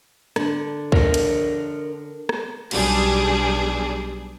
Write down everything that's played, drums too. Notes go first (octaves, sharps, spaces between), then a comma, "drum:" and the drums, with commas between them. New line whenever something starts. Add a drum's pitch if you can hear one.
D3, drum: rim click
D4 A#4 C#5, drum: kick
drum: hi-hat
drum: rim click
B1 G3 D4 G#4, drum: cymbal